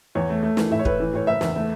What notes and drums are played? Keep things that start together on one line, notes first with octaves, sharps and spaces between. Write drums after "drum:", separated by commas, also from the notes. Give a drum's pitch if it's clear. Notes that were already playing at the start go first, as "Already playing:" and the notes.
E2 C#5
A3
A3
E3, drum: snare
A2 E5
C#5
A2 B4, drum: kick
E3
A2 C#5
F#1 E5
E2, drum: snare
A3